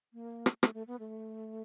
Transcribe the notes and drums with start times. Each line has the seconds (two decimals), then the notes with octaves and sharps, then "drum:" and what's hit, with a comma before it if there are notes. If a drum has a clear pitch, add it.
0.13 A#3
0.46 drum: rim click
0.63 A3, drum: rim click
0.74 A3
0.87 B3
1.00 A3